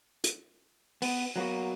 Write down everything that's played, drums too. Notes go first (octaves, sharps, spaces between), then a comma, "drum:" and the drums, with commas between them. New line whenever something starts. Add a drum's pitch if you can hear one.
drum: hi-hat
B3, drum: open hi-hat
F#3 A#3 B3 F#4